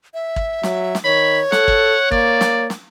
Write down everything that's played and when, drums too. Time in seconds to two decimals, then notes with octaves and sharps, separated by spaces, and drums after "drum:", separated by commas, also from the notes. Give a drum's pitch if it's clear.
0.14 E5
0.36 drum: kick
0.63 F#3, drum: snare
0.95 drum: snare
1.04 D#3 C#5 B5
1.52 A4 F#5, drum: snare
1.68 drum: kick
2.11 A#3 D5, drum: kick
2.41 drum: snare
2.70 drum: snare